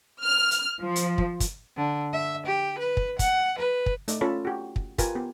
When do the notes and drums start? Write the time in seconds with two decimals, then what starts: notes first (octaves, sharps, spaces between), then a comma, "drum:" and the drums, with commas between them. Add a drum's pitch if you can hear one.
0.23 F6
0.51 drum: hi-hat
0.82 F3
0.96 drum: hi-hat
1.18 drum: kick
1.40 drum: kick, hi-hat
1.77 D3
2.13 E5
2.46 G4
2.79 B4
2.97 drum: kick
3.19 F#5, drum: kick, hi-hat
3.59 B4
3.86 drum: kick
4.08 A3 D#4 D5, drum: hi-hat
4.21 C#4 F4 A4 C#5 B5
4.45 F#4 G4
4.76 drum: kick
4.98 F4 G4 A#4 B4 G#5, drum: kick, hi-hat
5.15 B3 G4